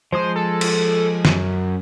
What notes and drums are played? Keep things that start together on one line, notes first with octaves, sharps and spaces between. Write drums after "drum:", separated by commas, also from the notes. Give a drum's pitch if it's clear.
F3 G#3 C5 D#6
A4
drum: cymbal
F#2, drum: snare